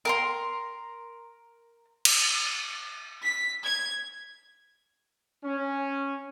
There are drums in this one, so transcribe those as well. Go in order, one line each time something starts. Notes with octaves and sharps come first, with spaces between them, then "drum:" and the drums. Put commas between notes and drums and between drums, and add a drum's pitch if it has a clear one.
A#4 A#5 C6
drum: cymbal
B6
G#6
C#4